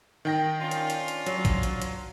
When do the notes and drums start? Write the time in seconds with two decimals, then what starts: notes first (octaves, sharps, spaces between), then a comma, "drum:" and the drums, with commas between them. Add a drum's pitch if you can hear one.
0.25 D#3 G5 A#6
0.60 C#4 D4 F4
0.71 drum: hi-hat
0.90 drum: hi-hat
1.08 drum: hi-hat
1.26 F#3, drum: hi-hat
1.45 drum: kick, hi-hat
1.63 drum: hi-hat
1.82 drum: hi-hat